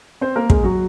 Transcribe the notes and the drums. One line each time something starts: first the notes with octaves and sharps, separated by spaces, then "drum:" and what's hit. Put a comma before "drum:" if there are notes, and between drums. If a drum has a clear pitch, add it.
C4 C5
A#3 A#4
G#3 G#4, drum: kick
F#3 F#4